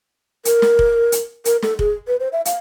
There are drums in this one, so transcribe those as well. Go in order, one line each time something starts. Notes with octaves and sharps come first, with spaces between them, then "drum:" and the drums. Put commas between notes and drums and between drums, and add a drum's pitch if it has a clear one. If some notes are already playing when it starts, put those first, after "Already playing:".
A#4, drum: hi-hat
drum: snare
drum: kick F1
drum: hi-hat
A#4, drum: hi-hat
A4, drum: snare
G#4, drum: kick F1
B4
C5
E5
F5, drum: hi-hat